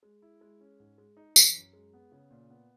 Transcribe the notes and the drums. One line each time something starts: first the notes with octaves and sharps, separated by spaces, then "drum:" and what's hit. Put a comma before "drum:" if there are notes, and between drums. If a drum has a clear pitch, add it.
G#3
E4
G#3
C#4
G#2
G#3
D#4
E3, drum: tambourine
F#2
G#3
B3
C#3
A#2
B3